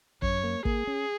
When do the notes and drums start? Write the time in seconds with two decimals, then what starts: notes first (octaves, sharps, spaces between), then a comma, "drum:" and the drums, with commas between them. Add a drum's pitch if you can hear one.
0.22 F#2 C#5, drum: kick
0.44 A#3
0.65 A#3 G#4, drum: kick
0.87 C#4